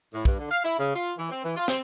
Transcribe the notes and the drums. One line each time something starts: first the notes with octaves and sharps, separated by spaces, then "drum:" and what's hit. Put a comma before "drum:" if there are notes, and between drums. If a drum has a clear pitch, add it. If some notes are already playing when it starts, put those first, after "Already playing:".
A2
G2, drum: kick
D3
F5
E4
C#3
F4
E3
C4
E3
F4
C4, drum: snare